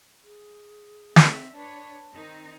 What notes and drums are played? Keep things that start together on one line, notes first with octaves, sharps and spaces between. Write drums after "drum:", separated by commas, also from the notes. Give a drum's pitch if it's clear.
G#4
C4 E5, drum: snare
D4 B4 C#5 A5
D#3 C4 D#4